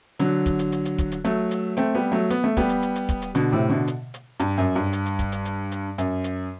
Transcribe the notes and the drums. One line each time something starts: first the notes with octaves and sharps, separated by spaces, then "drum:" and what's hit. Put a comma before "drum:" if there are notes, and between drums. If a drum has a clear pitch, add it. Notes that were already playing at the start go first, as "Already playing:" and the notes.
D3 F#3, drum: hi-hat
drum: kick, hi-hat
drum: hi-hat
drum: hi-hat
drum: hi-hat
drum: kick, hi-hat
drum: hi-hat
F#3 A3, drum: hi-hat
drum: hi-hat
A3 C4, drum: hi-hat
G3 B3
F#3 A3
B3, drum: hi-hat
A3
G3 B3, drum: kick, hi-hat
drum: hi-hat
drum: hi-hat
drum: hi-hat
drum: kick, hi-hat
drum: hi-hat
B2 D3, drum: hi-hat
A2 C3
B2 D3
drum: hi-hat
drum: hi-hat
G2, drum: hi-hat
F#2
G2
drum: hi-hat
drum: hi-hat
drum: kick, hi-hat
drum: hi-hat
drum: hi-hat
drum: hi-hat
F#2, drum: hi-hat
drum: hi-hat